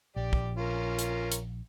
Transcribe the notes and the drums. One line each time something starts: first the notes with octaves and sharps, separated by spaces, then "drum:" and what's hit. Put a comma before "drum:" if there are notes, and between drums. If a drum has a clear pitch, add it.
A#1 G4 D5
drum: kick
C#4 F4 A#4
drum: hi-hat
drum: hi-hat